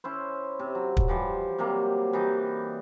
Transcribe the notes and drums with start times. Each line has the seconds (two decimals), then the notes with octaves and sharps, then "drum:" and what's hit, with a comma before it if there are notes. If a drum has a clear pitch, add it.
0.04 C#4 E4 C5
0.59 C3
0.75 F#3
0.97 drum: kick
1.08 E3 F3 G3
1.58 C3 F#3 G3 A#3
2.13 E3 G3 D#4